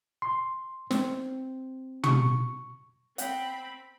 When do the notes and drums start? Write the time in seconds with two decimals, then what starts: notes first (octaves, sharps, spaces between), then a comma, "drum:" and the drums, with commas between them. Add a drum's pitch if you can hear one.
0.22 C6
0.91 C4, drum: snare
2.04 C#6, drum: tom
3.18 C4 F#5 G5 B5, drum: hi-hat